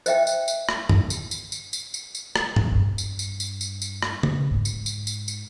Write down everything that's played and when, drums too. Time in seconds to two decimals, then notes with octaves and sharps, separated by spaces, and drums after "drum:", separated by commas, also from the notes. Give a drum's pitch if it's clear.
0.06 C5 D#5 E5 G5, drum: tambourine
0.27 drum: tambourine
0.48 drum: tambourine
0.69 drum: rim click
0.89 drum: tom
1.10 drum: tambourine
1.31 drum: tambourine
1.52 drum: tambourine
1.73 drum: tambourine
1.94 drum: tambourine
2.15 drum: tambourine
2.36 drum: rim click
2.56 drum: tom
2.72 G2
2.98 drum: tambourine
3.19 drum: tambourine
3.40 drum: tambourine
3.61 drum: tambourine
3.82 drum: tambourine
4.02 drum: rim click
4.23 drum: tom C#3
4.51 G#2
4.65 drum: tambourine
4.86 drum: tambourine
5.07 drum: tambourine
5.28 drum: tambourine